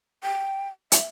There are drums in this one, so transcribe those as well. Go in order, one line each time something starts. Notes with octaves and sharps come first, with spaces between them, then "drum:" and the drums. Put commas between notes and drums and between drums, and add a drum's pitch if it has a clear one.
G5
E5, drum: hi-hat